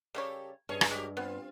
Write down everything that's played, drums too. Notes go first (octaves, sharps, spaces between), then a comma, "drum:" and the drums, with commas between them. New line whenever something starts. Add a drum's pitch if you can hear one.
C#3 G3 G4 A4 A#4 C#5
G2 C#4 G#4 C#5 D#5
drum: rim click
G#3 F#4 G4 A#4
B3 C4 F4